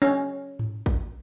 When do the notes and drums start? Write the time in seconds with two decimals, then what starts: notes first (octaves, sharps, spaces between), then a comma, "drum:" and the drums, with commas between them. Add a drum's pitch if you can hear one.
0.02 C#4, drum: open hi-hat
0.59 drum: tom G#2
0.86 drum: kick